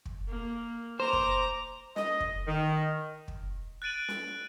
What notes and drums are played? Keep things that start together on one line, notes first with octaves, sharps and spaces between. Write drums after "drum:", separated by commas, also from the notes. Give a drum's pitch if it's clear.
drum: kick
A#3
C5 A#5 D6
drum: kick
D#5, drum: snare
drum: kick
D#3
drum: kick
F#6 A6 D7 D#7 F#7
drum: snare